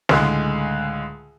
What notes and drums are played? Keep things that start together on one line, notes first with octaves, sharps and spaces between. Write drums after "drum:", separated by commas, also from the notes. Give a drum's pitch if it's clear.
C#2 A2 D3 G#3, drum: snare